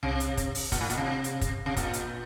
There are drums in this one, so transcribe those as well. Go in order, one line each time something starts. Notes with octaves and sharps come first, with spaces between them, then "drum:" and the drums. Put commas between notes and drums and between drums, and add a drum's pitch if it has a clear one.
C3, drum: tom C2
drum: hi-hat
drum: kick, hi-hat
drum: open hi-hat
A#2, drum: kick, hi-hat
A2
A#2, drum: hi-hat
C3
drum: hi-hat
drum: kick, hi-hat
C3
A#2, drum: kick, hi-hat
drum: hi-hat